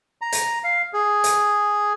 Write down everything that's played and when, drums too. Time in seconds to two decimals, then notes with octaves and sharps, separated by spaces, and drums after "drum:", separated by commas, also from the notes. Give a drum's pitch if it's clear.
0.21 A#5
0.32 drum: hi-hat
0.64 F5
0.93 G#4
1.24 drum: hi-hat